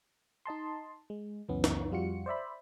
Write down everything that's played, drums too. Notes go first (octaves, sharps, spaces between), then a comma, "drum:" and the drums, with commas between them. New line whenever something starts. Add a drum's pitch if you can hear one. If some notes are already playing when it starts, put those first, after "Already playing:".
D#4 D#5 A5 C6
G#3
C#2 F#2 E3 B3 C#4
drum: snare
F2 G3 F4 F#4 C#7
C5 D5 E5 B5